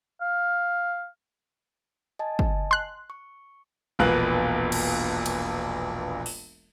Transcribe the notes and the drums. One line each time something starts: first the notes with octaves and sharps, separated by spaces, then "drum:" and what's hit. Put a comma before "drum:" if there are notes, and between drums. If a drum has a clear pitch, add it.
F5
D#5 G#5 A5
drum: kick
C6 F#6
C#6
E1 A#1 A#3 B3 F#6
drum: cymbal
drum: cymbal
drum: open hi-hat